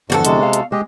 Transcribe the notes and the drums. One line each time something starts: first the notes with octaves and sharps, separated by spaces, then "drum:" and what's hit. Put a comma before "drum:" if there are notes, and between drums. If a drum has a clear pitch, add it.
E2 G2 D3 F3 F#4 G4 A4
C3 G#3, drum: hi-hat
F5
drum: hi-hat
G#3 G4 D#5